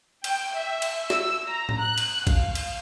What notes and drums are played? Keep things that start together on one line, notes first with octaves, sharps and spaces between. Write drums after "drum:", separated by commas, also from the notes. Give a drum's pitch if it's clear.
G5, drum: cymbal
E5
drum: cymbal
E6, drum: snare
A#5
drum: tom A2
F#6
drum: cymbal
F5, drum: kick A#1, cymbal
drum: cymbal